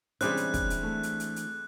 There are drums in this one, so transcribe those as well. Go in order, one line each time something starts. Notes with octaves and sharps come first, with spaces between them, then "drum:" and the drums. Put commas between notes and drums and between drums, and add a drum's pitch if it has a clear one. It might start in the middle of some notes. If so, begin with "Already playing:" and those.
C3 E3 G3 G#3 C#4 D4 C5 F#6, drum: hi-hat
drum: hi-hat
drum: kick, hi-hat
drum: hi-hat
A3
drum: hi-hat
drum: hi-hat
drum: hi-hat